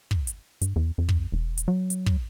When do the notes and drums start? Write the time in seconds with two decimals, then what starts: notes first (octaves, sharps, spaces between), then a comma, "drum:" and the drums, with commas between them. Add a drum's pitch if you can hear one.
0.11 drum: kick
0.27 drum: hi-hat
0.61 G2, drum: hi-hat
0.76 E2
0.98 F2
1.09 drum: kick
1.32 E1
1.57 drum: hi-hat
1.68 F#3
1.90 drum: hi-hat
2.06 drum: kick